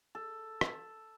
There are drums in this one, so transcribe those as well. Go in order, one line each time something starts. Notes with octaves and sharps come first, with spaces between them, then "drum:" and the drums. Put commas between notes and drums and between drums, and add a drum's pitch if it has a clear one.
A4
drum: rim click